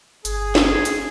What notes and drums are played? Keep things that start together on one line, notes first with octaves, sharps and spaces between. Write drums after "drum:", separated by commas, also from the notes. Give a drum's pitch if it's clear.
G1 G#4, drum: hi-hat
drum: snare
drum: hi-hat